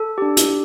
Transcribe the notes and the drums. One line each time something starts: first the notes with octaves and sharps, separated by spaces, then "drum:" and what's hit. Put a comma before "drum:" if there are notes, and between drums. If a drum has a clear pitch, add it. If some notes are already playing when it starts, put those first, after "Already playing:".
Already playing: A4
D4 G4
drum: hi-hat